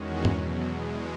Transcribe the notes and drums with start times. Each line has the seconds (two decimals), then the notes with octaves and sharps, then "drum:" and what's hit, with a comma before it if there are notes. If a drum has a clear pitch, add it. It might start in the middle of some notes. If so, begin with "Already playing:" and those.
Already playing: E2 D#3 G#3 C#4 F#4
0.25 E2 B2 F#3, drum: tom G2
0.66 E2 B2 G#3